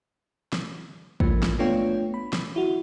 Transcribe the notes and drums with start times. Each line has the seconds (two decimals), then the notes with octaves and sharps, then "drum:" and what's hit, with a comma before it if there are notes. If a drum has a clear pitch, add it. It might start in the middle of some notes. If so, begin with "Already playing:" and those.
0.53 drum: snare
1.20 A#1 G#2 F3 A#3, drum: kick
1.43 drum: snare
1.59 A3 B3 D4 F4 C#5 G5
2.14 B5
2.33 drum: snare
2.56 E4 F#4